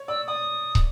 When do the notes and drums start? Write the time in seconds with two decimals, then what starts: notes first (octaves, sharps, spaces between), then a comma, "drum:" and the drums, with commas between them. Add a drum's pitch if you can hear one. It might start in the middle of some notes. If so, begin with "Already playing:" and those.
Already playing: C#5
0.08 D5 E6
0.27 D5 D#6
0.75 drum: kick